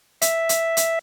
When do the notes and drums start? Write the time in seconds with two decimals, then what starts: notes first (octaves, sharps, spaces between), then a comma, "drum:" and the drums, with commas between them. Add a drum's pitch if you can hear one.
0.22 E5, drum: hi-hat
0.49 drum: hi-hat
0.77 drum: hi-hat